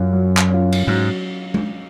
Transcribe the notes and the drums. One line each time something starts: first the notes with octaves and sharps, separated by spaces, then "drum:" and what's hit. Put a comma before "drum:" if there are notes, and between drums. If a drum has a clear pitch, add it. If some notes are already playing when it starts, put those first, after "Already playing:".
Already playing: F#2 C#4 F4
F#3
drum: clap
C#4 F4
drum: cymbal
G#2 F#3
drum: tom G#3